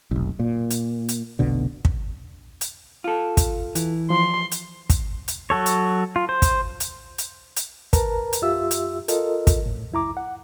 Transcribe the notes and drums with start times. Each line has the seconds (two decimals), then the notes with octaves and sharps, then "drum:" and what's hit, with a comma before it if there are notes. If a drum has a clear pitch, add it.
0.11 F1 B1
0.40 A#2
0.70 drum: hi-hat
1.08 drum: hi-hat
1.39 F1 B1 B2 D3
1.85 drum: kick
2.61 drum: hi-hat
3.04 F4 A4
3.37 drum: kick, hi-hat
3.75 E3, drum: hi-hat
4.10 F3 C6
4.51 drum: hi-hat
4.90 drum: kick, hi-hat
5.28 drum: hi-hat
5.50 F#3 F#4 A4 C#5
5.66 drum: hi-hat
6.16 F4
6.29 C5
6.42 drum: kick, hi-hat
6.80 drum: hi-hat
7.18 drum: hi-hat
7.56 drum: hi-hat
7.93 A#4 B4 A5 A#5, drum: kick, hi-hat
8.33 drum: hi-hat
8.42 F#2 F4 G4 E5 E6
8.71 drum: hi-hat
9.08 F4 A4 A#4 D#5, drum: hi-hat
9.47 drum: kick, hi-hat
9.66 A2
9.91 C#2 F#2 E4 A#5 D6
10.17 F#5